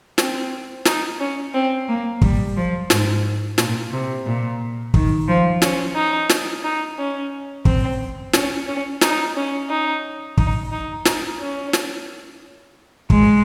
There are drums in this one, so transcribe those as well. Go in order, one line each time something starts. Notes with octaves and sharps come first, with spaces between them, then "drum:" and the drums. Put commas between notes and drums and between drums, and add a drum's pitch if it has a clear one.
C4, drum: snare
D#4, drum: snare
C#4
C4
A#3
G3, drum: kick
F3
G#2, drum: snare
A#2, drum: snare
C3
A#2
D#3, drum: kick
F3
C#4, drum: snare
D#4
drum: snare
D#4
C#4
C4, drum: kick
C#4, drum: snare
C#4
D#4, drum: snare
C#4
D#4
D#4, drum: kick
D#4
D#4, drum: snare
C#4
drum: snare
G#3, drum: kick